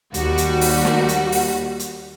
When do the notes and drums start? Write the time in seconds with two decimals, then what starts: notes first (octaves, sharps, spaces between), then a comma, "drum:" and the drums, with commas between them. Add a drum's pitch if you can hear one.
0.14 D#2 G3 F#4, drum: hi-hat
0.38 drum: hi-hat
0.61 drum: open hi-hat
0.85 drum: snare
1.09 drum: hi-hat
1.32 drum: open hi-hat
1.79 drum: hi-hat